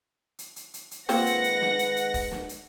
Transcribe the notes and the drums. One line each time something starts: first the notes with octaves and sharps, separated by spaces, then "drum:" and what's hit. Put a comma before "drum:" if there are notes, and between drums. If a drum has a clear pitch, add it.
drum: hi-hat
drum: hi-hat
drum: hi-hat
drum: hi-hat
D#3 G#3 A#3 C4 F4 B4 F#5 A#6, drum: open hi-hat
drum: hi-hat
drum: hi-hat
drum: snare
drum: hi-hat
drum: hi-hat
drum: kick, open hi-hat
drum: snare
drum: hi-hat